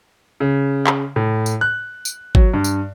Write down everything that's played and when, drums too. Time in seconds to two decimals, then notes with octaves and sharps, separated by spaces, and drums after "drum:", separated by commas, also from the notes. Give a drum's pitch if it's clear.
0.40 C#3
0.87 drum: clap
1.16 A2
1.46 drum: tambourine
1.61 F#6
2.05 drum: tambourine
2.35 F#3, drum: kick G#1
2.54 G2
2.64 drum: tambourine